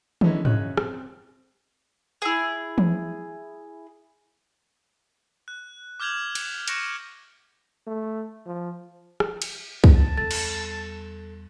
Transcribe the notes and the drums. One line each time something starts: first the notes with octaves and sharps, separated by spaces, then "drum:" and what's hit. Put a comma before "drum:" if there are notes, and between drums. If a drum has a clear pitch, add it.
D3 E3 G#3 C#4 D#4 E4, drum: tom D#3
F#2 C#3 C#5 D#5 F#6, drum: tom G#2
C4, drum: rim click
E4 G#4
drum: tom E3
F#6
D6 F6 G6 G#6 F7 F#7
drum: cymbal
C#6 F#6 A#6 C#7 D7 E7, drum: hi-hat
A3
F3
drum: rim click
drum: cymbal
drum: kick
A5
E2 G3 A4 A6
drum: cymbal